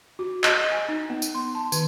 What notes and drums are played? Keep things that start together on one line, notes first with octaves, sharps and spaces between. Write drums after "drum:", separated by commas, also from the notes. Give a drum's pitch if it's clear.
F#4
D#5, drum: clap
G#5
D#4
B3
drum: tambourine
C6
A5
D#3, drum: tambourine